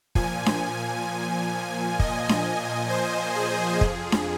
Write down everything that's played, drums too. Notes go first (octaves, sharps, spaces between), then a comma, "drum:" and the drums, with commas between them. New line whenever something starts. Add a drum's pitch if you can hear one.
A#2 F3 G#5, drum: kick
drum: snare D4
D#5, drum: kick
drum: snare D4
C5
G#4
F2 F3 G#4, drum: kick
drum: snare D4